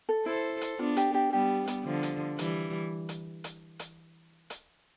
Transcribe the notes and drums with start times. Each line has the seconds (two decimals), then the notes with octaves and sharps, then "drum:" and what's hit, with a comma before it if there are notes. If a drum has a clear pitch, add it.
0.09 A4
0.26 E4 A4 C5
0.61 drum: hi-hat
0.79 B3 D4 F4
0.97 G4, drum: hi-hat
1.14 G4
1.32 G3 B3 G4
1.67 drum: hi-hat
1.84 D3 F3
2.03 drum: hi-hat
2.39 E3 G3, drum: hi-hat
3.09 drum: hi-hat
3.44 drum: hi-hat
3.79 drum: hi-hat
4.50 drum: hi-hat